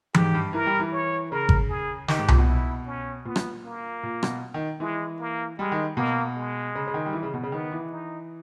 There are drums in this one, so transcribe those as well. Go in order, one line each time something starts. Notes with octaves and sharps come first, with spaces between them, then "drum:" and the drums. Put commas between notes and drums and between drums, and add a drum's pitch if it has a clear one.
G#2 G4, drum: tom E3
G2
E3 A#4
G3
E3
C#5
C#3 A#4
drum: kick G#1
G#4
D#3 G4, drum: snare
G#2
A#2, drum: tom C2
B2
E4
C#4
A#2 B3
drum: rim click
A#3
A#2
B2, drum: rim click
D#3
E3 G#3
A#3
G3 G#3
D#3
B2 A#3
G#3
C#3
C#3
D#3
G3
E3
C#3
B2
C#3
D#3 B3
E3
D#4